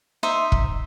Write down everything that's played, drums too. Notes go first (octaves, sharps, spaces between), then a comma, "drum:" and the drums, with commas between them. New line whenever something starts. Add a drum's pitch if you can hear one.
D#4 C5 E5
drum: kick